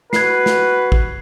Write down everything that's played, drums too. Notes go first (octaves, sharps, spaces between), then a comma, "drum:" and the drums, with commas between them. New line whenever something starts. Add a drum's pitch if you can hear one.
F#4 B4 G#6 C7, drum: snare
drum: snare
drum: kick